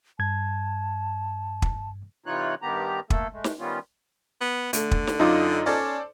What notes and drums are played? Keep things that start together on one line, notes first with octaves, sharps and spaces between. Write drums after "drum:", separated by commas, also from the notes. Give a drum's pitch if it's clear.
G2 A5 G#6
drum: kick
C3 E3 D#4 F4 C#5 F#6
G2 D#3 B3 G4 A#5
A3 A#3 A4, drum: kick
G#3 A3
drum: snare
D#3 G3 B3 C#4 F4
B3
D3 A3, drum: hi-hat
drum: kick
drum: snare
F#2 D#4 F4 D#5 D6
C#4 A4 C5 D5